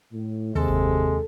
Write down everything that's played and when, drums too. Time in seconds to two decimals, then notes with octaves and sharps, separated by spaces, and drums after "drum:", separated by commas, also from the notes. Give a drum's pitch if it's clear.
0.12 A2
0.55 D#2 C3 G#3 A4
0.68 drum: kick F#1